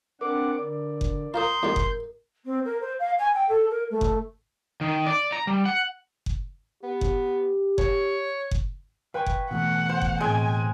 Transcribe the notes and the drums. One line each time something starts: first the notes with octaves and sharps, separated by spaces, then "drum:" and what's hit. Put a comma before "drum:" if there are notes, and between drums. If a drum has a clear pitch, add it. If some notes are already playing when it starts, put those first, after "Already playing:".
C4 D4 A#4 B4 F#5 D6
D3 D5
drum: kick F#1
F4 A#4 C5 A#5 C6 D#6 G6
E2 G#2 G3 A#4
drum: kick F#1
C4
A#4
C5
F5
G#5
G5
A4
A#4
A3
drum: kick F#1
D#3
D5
A#5
G3
F#5
drum: kick F#1
B3 G4
drum: kick F#1
C#5, drum: kick F#1
drum: kick F#1
B4 F5 G5 G#5 C#6
drum: kick F#1
B2 E3 A3 F#5
C5
drum: kick F#1
A2 G#3 C4 G5 G#5